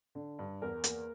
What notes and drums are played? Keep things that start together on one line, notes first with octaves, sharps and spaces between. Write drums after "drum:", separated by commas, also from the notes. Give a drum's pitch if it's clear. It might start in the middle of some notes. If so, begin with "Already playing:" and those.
D3
G2
E2 A#4
A#3, drum: hi-hat